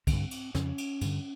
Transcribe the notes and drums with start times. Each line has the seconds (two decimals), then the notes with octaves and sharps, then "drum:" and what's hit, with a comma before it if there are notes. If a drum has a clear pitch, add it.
0.07 G2 D3 C4, drum: kick C2, cymbal
0.31 drum: cymbal
0.54 F2 C#3 C#4, drum: snare
0.78 drum: cymbal
1.01 G2 D3, drum: cymbal